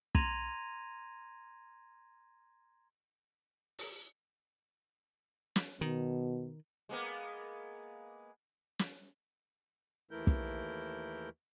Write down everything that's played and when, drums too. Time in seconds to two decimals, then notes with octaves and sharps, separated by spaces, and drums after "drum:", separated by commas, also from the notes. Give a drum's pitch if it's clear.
0.15 A#5 C6 G#6 A#6 D#7 F7, drum: kick
3.79 drum: open hi-hat
5.56 drum: snare
5.81 B2 D#3
6.89 G#3 A#3 B3
8.79 drum: snare
10.11 D#2 E3 A3 E4 A#4 G6
10.27 drum: kick